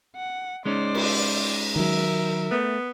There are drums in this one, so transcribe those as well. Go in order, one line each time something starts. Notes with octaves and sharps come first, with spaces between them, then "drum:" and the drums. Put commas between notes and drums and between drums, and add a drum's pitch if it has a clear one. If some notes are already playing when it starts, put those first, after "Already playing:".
F#5
G#3 C#4 D#4 C5 D5
drum: cymbal
D#3 F#3 A#4 E5
A3 B3